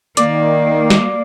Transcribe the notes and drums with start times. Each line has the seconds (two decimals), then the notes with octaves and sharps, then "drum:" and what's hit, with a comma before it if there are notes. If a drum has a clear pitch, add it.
0.17 D#3 A#3 D5, drum: hi-hat
0.90 drum: snare